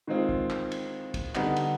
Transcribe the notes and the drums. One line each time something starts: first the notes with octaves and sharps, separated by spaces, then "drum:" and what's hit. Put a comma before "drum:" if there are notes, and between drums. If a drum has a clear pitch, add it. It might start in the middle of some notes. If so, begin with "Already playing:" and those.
D#3 G#3 C4 F4
drum: kick
drum: clap
drum: cymbal
drum: kick, cymbal
D3 G3 B3 D#4, drum: clap
drum: cymbal